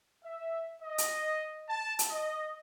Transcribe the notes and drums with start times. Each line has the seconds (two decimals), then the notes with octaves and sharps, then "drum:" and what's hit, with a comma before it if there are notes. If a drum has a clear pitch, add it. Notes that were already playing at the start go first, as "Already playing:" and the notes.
0.23 E5
0.82 D#5
0.98 drum: hi-hat
1.68 A5
1.99 drum: hi-hat
2.10 D#5